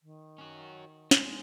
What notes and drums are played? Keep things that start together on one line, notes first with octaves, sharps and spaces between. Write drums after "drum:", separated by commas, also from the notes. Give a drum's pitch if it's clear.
D#3
C#4 F#4
G#3, drum: snare